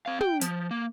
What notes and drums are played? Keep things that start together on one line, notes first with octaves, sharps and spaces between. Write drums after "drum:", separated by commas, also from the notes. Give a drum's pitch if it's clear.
C4 F5
G5, drum: tom
F3, drum: hi-hat
A#3